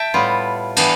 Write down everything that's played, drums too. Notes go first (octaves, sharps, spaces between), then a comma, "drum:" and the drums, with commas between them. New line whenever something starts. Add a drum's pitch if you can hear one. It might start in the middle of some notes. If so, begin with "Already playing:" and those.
Already playing: E5 G5 A5
A2 G3 B3 F4
E3 B3 D4, drum: cymbal